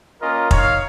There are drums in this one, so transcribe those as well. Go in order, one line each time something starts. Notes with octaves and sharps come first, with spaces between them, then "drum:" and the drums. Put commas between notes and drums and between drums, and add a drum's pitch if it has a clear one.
A#3 C#4 F4 A#4 D#5
D#4 C#5 F5, drum: kick